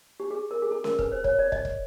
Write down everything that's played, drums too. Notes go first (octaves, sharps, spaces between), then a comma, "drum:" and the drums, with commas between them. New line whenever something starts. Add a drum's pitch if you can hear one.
G4
G#4
A#4
G#4
A4
A#4, drum: snare C#4
B4, drum: kick
C5
C#5, drum: kick
D5
D#5, drum: kick
drum: kick